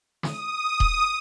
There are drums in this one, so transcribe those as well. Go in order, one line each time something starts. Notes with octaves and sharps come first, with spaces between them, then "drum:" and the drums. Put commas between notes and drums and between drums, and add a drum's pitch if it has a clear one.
D#6, drum: snare
drum: kick D#1